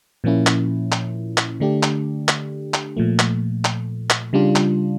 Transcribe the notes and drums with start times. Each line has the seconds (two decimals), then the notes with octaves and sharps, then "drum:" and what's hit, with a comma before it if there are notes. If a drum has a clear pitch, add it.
0.24 A#2 F3 A#3 C#4 E4
0.47 drum: clap
0.92 drum: clap
1.38 drum: clap
1.60 D3 A3 D4 G4
1.83 drum: clap
2.28 drum: clap
2.74 drum: clap
2.97 A#2 F3 A3
3.19 drum: clap
3.65 drum: clap
4.10 drum: clap
4.33 C#3 G3 D4 F4
4.56 drum: clap